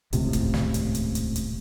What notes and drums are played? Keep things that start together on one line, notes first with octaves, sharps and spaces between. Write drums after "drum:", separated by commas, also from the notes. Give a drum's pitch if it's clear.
D#1 C#2 A2 C3, drum: hi-hat
drum: kick, hi-hat
drum: snare
drum: hi-hat
drum: hi-hat
drum: hi-hat
drum: hi-hat